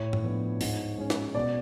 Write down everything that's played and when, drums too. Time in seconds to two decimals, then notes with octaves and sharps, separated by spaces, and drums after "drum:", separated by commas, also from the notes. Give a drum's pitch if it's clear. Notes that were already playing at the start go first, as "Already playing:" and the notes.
Already playing: A2 C#5
0.13 drum: tom G2
0.23 F3 B3 D4
0.61 G#2, drum: open hi-hat
0.98 G#3 C#4
1.10 drum: snare
1.35 B2 D5